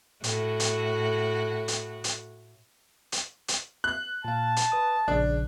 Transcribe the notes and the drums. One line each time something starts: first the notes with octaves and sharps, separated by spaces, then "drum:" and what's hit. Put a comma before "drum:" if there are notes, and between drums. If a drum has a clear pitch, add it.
A2 F#4, drum: hi-hat
drum: hi-hat
drum: hi-hat
drum: hi-hat
drum: hi-hat
drum: hi-hat
F#6
A#2 F5 A5
drum: hi-hat
B4 D#6
A#1 C#3 D4 F#6